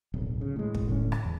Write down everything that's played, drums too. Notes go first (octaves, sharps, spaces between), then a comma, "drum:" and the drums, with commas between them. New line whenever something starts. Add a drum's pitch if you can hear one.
D1 B1
C#3
A2 G#3
drum: kick
A2 D3 G#3 C#4
drum: rim click
E2